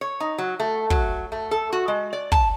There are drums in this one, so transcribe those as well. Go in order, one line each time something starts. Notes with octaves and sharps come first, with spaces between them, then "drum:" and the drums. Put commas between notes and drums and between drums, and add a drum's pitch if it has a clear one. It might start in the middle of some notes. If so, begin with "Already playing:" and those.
C#5
D#4
F#3
A3
F#3, drum: kick
A3
A4
F#4
G#3
D5
A5, drum: kick